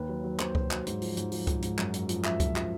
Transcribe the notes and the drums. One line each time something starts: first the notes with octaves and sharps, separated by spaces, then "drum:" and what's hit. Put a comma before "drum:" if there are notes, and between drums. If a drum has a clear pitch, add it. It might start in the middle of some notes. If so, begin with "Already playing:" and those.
Already playing: D#2 B4
F#3
F#3
D#2 C5, drum: clap
F#3, drum: kick C#2
F#3, drum: clap
G#2, drum: hi-hat
F3, drum: open hi-hat
G#2, drum: hi-hat
F3, drum: open hi-hat
F3, drum: kick C#2, hi-hat
G#2, drum: hi-hat
F#2, drum: clap
F#2, drum: hi-hat
F3, drum: hi-hat
F3 E5, drum: clap
F3, drum: kick C#2, hi-hat
F3, drum: clap